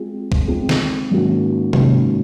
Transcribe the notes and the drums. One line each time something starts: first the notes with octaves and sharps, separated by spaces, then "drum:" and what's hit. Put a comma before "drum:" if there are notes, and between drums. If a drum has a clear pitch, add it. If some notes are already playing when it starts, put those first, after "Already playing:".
Already playing: G#3 C4 F4 G#4
drum: kick B1
G#3 C4 F4 G#4
drum: snare
G#2 D#3 A#3 C#4 F#4
G#2 D#3 A#3 C#4 F#4, drum: tom C3